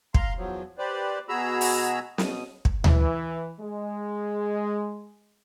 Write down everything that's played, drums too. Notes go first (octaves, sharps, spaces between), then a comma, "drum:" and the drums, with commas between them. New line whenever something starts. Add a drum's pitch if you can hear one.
F5 A#5 C6, drum: kick
E2 F3 F#3
G4 B4 C5 D5
B2 F#4 G#4 A#5 B5 E6
drum: open hi-hat
B2 D#6, drum: snare
drum: kick
E3, drum: tom D2
G#3